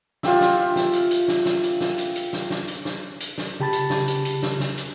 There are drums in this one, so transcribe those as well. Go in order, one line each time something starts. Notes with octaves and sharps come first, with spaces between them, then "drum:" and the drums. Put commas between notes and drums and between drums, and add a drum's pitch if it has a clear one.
F4 G4 E5, drum: snare
drum: snare
drum: snare
drum: hi-hat
drum: hi-hat
drum: snare
drum: snare
drum: hi-hat
drum: snare
drum: hi-hat
drum: hi-hat
drum: snare
drum: snare
drum: hi-hat
drum: snare
drum: hi-hat
drum: snare
C#3 G4 A5 B5 A6
drum: hi-hat
drum: snare
drum: hi-hat
drum: hi-hat
drum: snare
drum: snare
drum: hi-hat